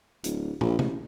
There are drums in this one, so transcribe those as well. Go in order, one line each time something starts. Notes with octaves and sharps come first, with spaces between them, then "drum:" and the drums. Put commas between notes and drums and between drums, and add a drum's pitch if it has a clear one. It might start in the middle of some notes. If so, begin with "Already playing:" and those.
D1, drum: hi-hat
A#1, drum: tom
A1, drum: tom